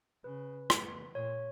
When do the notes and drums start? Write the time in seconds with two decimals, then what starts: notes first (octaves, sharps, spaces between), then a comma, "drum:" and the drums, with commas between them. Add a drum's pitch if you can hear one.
0.24 C#3 B4
0.70 drum: rim click
1.15 A#2 C#5